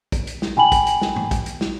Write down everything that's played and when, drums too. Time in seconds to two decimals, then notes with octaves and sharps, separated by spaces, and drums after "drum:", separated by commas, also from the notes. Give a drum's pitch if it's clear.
0.12 drum: kick, hi-hat
0.27 drum: hi-hat
0.42 drum: snare
0.57 G5 G#5 B5 F#7, drum: tom B2
0.72 drum: kick, hi-hat
0.87 drum: hi-hat
1.01 drum: snare
1.16 drum: tom G#2
1.31 drum: kick, hi-hat
1.46 drum: hi-hat
1.61 drum: snare